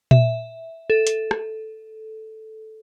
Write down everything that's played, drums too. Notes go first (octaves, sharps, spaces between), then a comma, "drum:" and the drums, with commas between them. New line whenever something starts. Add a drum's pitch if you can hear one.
E5, drum: tom A#2
A4
drum: hi-hat
drum: rim click